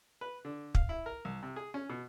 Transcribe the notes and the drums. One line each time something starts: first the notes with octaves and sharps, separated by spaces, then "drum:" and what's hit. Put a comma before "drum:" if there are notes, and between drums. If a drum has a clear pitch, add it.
B4
D3
F5, drum: kick
E4
A#4
C2
C3
G#4
C#4
B2